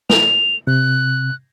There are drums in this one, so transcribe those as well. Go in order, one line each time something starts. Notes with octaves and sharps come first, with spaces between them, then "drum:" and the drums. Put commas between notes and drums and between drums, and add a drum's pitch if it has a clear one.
F7, drum: snare
C3 F#6